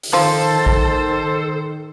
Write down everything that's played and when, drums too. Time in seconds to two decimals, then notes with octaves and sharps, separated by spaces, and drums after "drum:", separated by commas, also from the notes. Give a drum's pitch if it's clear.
0.03 drum: open hi-hat
0.13 D#3 F3 A4 C5
0.66 drum: kick